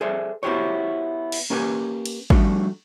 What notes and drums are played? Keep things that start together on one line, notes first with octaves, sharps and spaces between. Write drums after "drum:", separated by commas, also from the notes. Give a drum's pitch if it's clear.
G#4 A4 C5 D5 E5
B3 E4 F#4 G4 C5 C#5
drum: cymbal
A#3 C#4 G4 B4 G#5
drum: cymbal
F3 G3 A3 D4 F#4, drum: kick G#1